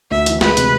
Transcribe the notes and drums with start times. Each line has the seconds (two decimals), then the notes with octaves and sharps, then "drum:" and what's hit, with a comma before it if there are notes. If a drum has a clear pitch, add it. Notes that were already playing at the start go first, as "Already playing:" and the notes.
0.11 D2 E5
0.26 E3, drum: hi-hat
0.41 G#3 B4, drum: snare
0.57 C3, drum: hi-hat